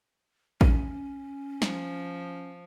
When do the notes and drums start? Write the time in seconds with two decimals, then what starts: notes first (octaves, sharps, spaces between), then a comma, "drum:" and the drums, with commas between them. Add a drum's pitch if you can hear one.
0.61 C#4, drum: kick A1
1.62 F3, drum: snare